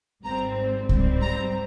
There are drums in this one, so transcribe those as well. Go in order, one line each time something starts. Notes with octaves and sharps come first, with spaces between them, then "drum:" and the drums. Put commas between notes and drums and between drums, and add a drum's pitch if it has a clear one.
G#1 G#2 G3 C4 A#5
G#2 G3 C4, drum: kick C2
A#5